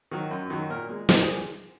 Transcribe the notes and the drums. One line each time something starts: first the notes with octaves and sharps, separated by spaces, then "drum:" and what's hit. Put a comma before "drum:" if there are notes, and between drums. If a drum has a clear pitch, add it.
D#3 F#3
F#2
D#3 F#3
A#2 A#4
G#3
A#2 G#4, drum: snare
G#4